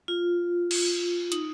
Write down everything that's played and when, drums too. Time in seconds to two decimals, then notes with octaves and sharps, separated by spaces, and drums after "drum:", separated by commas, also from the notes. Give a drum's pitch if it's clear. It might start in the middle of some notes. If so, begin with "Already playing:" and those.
0.08 F4
0.71 drum: cymbal
1.32 D#4, drum: hi-hat